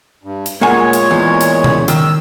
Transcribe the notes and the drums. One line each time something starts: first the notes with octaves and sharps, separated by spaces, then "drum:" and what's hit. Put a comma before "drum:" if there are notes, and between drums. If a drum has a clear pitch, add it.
G2
drum: hi-hat
A#2 G#3 A#3 C#5 F#5 G#5
drum: hi-hat
E2
drum: hi-hat
drum: tom B2
D#3 E6, drum: hi-hat